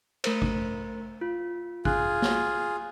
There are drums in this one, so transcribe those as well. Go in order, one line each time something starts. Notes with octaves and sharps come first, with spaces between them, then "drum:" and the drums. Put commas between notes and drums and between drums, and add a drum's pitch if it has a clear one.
A3 A#4 C5, drum: cymbal
drum: kick G#1
F4
F4 G#4 F#6, drum: kick G#1
drum: snare